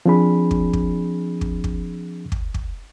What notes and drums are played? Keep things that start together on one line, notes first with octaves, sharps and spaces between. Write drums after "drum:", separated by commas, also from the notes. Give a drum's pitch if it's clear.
F3 C4 D4 G#4 B5
drum: kick
drum: kick
drum: kick
drum: kick
drum: kick
drum: kick